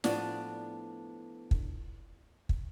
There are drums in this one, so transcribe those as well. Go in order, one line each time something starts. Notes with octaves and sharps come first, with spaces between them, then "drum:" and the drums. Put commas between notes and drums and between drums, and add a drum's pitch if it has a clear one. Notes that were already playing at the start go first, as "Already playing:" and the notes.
A2 F3 B3 D4, drum: snare
drum: kick
drum: kick